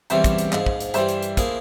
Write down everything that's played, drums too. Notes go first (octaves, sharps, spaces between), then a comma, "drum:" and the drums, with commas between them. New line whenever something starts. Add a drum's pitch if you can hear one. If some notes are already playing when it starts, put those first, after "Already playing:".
E2 C3 E3 G3 C#4 C5 E5, drum: hi-hat
drum: kick, hi-hat
drum: hi-hat
G#2 F3 G#3, drum: clap
drum: kick
drum: hi-hat
G2 E3 G3 C5 E5, drum: hi-hat
drum: hi-hat
drum: hi-hat
F3 A#3 E4 G#4, drum: kick, hi-hat